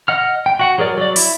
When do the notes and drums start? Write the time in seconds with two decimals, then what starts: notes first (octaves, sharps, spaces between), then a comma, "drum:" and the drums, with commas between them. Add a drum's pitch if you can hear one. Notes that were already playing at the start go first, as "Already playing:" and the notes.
0.08 D#5 F#5 F6
0.46 G5
0.59 F#4 F#5
0.78 F#3 G#4 A#4 D5
0.97 F#3 D5
1.16 E4, drum: open hi-hat